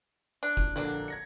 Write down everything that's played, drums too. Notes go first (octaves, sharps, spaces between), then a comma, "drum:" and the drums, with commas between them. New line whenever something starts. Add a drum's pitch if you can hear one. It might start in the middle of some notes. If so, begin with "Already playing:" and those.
D4
drum: kick
A#1 D3 F#3 A#3 D4
G#6 A#6 C#7